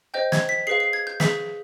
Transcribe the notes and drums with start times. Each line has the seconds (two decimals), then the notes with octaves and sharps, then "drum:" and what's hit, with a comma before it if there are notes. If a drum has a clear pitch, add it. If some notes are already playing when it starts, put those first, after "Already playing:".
0.14 C5 D#5 G5 G6
0.32 G#6, drum: snare
0.49 B6
0.67 G#4 B4 F5 C7
0.80 C7
0.93 G#6
1.07 G6
1.20 G#4 B4 F5 B6, drum: snare